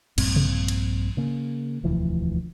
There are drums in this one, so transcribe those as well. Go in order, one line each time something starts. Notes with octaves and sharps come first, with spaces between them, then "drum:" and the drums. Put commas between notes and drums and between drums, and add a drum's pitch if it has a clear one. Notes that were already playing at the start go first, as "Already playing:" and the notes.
A#1 G2 A#2 C4, drum: cymbal
drum: tom C3
drum: cymbal
C#3 A#3
E1 D2 E3 F3